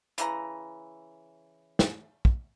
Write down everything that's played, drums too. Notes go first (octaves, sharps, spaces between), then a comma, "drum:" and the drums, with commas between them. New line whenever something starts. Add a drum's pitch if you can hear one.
C#3 E3 A#5, drum: hi-hat
drum: snare
drum: kick